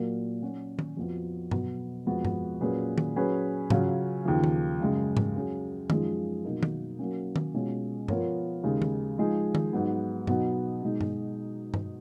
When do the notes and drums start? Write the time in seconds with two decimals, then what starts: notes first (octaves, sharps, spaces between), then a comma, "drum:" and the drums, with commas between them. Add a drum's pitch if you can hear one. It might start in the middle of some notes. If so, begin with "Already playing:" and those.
Already playing: A#2 F#3 A#3
0.42 F#3 C#4 F#4
0.79 drum: tom D#3
0.97 F2 F3 B3 F#4
1.51 B2 F#3 B3, drum: tom G2
2.06 F2 F3 G#3 B3 F#4
2.25 drum: tom G2
2.61 A#2 F#3 C#4 G#4 B4
2.98 drum: tom D#3
3.16 F#3 C#4 G#4 B4
3.70 C#3 F#3 C#4 F4, drum: tom G#2
4.25 D#2 C#3 F3
4.44 drum: tom D#3
4.80 F#2 C#3 G#3
5.17 drum: tom G#2
5.35 F#3 C#4 G#4
5.90 F#2 F3 G#3 D#4 G#4, drum: tom D#3
6.44 B2 F#3 A#3 D#4 A#4
6.63 drum: tom D#3
6.99 F#3 A#3 C#4
7.36 drum: tom D#3
7.54 B2 G#3 C#4 F4
8.08 F3 B3 F4 A#4 C#5, drum: tom G2
8.63 D#2 C#3 G#3
8.82 drum: tom D#3
9.18 F3 G#3 D#4 G#4
9.55 drum: tom D#3
9.73 G#2 F#3 B3
10.27 B2 F#3 B3 D#4, drum: tom G2
10.83 B2 G#3 D#4
11.01 drum: tom G2
11.74 drum: tom G2